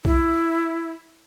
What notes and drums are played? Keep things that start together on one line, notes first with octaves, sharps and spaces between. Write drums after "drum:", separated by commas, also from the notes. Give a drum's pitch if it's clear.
E4, drum: kick B1